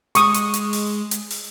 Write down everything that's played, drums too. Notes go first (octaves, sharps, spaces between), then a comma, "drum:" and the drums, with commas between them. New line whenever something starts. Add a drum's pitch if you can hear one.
G#3 C#6 D#6, drum: hi-hat
drum: hi-hat
drum: hi-hat
drum: open hi-hat
drum: hi-hat
drum: open hi-hat